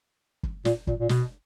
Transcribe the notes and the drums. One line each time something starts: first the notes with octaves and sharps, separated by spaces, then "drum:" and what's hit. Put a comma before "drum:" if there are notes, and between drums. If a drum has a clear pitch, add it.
drum: kick
A#2, drum: snare
A#2, drum: kick
A#2
B2, drum: snare